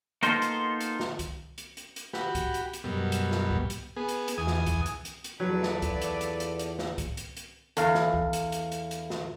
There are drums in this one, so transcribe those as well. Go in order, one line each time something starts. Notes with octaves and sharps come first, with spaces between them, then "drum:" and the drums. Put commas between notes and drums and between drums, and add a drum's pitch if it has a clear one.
A#3 B3 D#4 F4 A4 C5, drum: hi-hat
drum: hi-hat
drum: hi-hat
drum: snare
drum: kick C2, hi-hat
drum: hi-hat
drum: hi-hat
drum: hi-hat
F#4 G4 B5, drum: snare
drum: kick C2, hi-hat
drum: hi-hat
drum: hi-hat
F#2 B2 G3
drum: hi-hat
drum: snare
drum: kick C2
drum: hi-hat
B3 G#4
drum: hi-hat
drum: hi-hat
E2 G#5 D#6
drum: snare
drum: kick C2, hi-hat
drum: hi-hat
drum: hi-hat
drum: hi-hat
E2 F#3 F4 A4 B4 D5
drum: snare
drum: kick C2, hi-hat
drum: hi-hat
drum: hi-hat
drum: hi-hat
drum: hi-hat
drum: snare
drum: kick C2, hi-hat
drum: hi-hat
drum: hi-hat
E2 A4 F5, drum: hi-hat
drum: snare
drum: kick C2
drum: hi-hat
drum: hi-hat
drum: hi-hat
drum: hi-hat
drum: snare